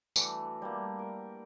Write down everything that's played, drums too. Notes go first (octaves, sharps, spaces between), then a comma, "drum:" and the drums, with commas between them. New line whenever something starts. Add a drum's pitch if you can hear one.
E3 A3 D4 F#4, drum: tambourine
G3 A3 A#3
A#4